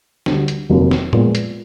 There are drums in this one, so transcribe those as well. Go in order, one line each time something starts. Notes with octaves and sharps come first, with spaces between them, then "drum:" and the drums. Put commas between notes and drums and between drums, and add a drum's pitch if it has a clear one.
D2 D3 G3, drum: snare
drum: hi-hat
F1 D#2 D#3 F#3 A#3
drum: snare
A#2 F3 G#3 B3, drum: tom
drum: hi-hat